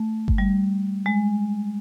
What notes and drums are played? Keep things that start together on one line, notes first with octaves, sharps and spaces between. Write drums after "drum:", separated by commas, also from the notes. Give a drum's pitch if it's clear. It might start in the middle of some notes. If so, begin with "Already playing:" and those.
Already playing: A3
drum: kick G1
G3
G#3